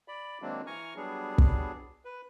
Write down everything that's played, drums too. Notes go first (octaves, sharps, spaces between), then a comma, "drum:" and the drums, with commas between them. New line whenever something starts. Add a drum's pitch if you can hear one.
D5 B5
D#3 F#3 G#3 A#3 C4 D4
E3 G#5 A#5 C#6 F6
F#3 G3 B3 D4 G#4
drum: kick
B4